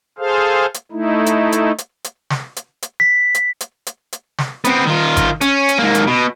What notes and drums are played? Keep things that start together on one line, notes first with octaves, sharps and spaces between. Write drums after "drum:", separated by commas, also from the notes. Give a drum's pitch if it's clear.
G#4 A4 C5 F5
drum: hi-hat
A3 D#4 E4
drum: hi-hat
drum: hi-hat
drum: hi-hat
drum: hi-hat
drum: snare
drum: hi-hat
drum: hi-hat
B6
drum: hi-hat
drum: hi-hat
drum: hi-hat
drum: hi-hat
drum: snare
B3 C4, drum: hi-hat
D#3 F4
drum: kick G#1, hi-hat
C#4, drum: hi-hat
drum: hi-hat
G#2 A#3
drum: hi-hat
B2